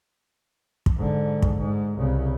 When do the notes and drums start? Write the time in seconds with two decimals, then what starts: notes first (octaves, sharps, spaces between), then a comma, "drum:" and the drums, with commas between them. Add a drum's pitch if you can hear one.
0.86 drum: kick
0.97 G#2 D3
1.42 drum: kick
1.59 G#2
1.99 C2 C#3